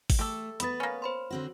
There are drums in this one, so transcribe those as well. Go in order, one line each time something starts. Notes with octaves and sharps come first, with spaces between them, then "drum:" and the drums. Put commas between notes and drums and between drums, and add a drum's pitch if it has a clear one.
drum: kick G#1, open hi-hat
A3 G4 A4
B3 B4 B5 D#6 A6, drum: hi-hat
A#3 C#4
C5 B5 C6
D3 C4 F#4